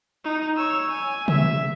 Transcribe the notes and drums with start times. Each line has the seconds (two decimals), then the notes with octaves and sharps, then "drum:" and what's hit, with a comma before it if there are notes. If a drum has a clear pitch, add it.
0.24 D#4
0.57 C#5 E6
0.90 G#5
1.28 E5, drum: tom C3